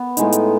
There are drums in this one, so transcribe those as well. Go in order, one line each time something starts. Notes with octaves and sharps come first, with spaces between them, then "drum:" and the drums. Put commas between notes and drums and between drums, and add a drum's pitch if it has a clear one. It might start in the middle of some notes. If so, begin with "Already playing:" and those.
Already playing: B3
A2 G#3 D#4, drum: hi-hat
drum: hi-hat